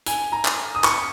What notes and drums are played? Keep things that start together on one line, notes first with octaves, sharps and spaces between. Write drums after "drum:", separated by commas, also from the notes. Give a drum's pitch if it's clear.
G#5, drum: hi-hat
A#5
drum: clap
D#6
C#6, drum: clap